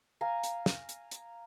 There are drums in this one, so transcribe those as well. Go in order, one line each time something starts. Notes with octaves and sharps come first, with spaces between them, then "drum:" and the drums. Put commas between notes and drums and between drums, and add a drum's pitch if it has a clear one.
F5 G#5 A#5
drum: hi-hat
drum: snare
drum: hi-hat
drum: hi-hat